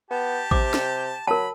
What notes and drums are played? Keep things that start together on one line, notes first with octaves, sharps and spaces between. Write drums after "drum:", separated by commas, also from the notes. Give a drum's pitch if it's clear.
B3 G4 A5
C3 D6, drum: kick A1
drum: snare
F#3 A#4 A5 B5